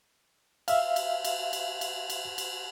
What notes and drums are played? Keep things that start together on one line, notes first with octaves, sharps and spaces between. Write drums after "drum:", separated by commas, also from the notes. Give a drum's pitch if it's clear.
E5 F5, drum: cymbal
drum: cymbal
drum: cymbal
drum: cymbal
drum: cymbal
drum: cymbal
drum: cymbal